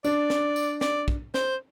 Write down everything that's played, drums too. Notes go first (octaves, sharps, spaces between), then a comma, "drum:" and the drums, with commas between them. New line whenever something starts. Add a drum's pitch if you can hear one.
D4 D5, drum: tambourine
drum: snare
drum: tambourine
D5, drum: snare
drum: kick
C5, drum: snare